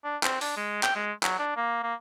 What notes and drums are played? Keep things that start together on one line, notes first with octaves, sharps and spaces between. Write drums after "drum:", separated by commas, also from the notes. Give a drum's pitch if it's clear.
D4
C4, drum: clap
D4, drum: open hi-hat
G#3
G5, drum: clap
G#3
F#3, drum: clap
D4
A#3
A#3